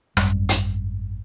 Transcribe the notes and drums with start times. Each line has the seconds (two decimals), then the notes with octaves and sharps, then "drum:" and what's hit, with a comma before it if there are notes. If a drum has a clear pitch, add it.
0.17 G#1 F#2 G3, drum: rim click
0.49 drum: hi-hat